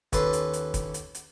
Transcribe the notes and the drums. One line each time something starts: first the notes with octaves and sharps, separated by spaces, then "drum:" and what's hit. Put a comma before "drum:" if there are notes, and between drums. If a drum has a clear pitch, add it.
D#2 C#4 A4 B4 F#5 C6, drum: kick, hi-hat
drum: hi-hat
drum: hi-hat
drum: kick, hi-hat
drum: hi-hat
drum: hi-hat